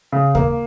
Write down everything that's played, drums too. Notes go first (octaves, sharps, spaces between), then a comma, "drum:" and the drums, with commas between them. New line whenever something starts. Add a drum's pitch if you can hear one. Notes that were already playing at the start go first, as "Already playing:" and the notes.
C#3
A#3, drum: kick D#2